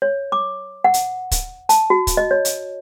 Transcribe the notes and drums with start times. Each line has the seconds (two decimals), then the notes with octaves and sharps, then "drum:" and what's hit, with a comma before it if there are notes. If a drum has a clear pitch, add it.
0.02 C#5
0.32 D6
0.84 F#5
0.94 drum: hi-hat
1.31 drum: kick, hi-hat
1.69 A5, drum: hi-hat
1.90 F#4
2.07 drum: kick, hi-hat
2.17 D#5
2.31 C#5
2.45 drum: hi-hat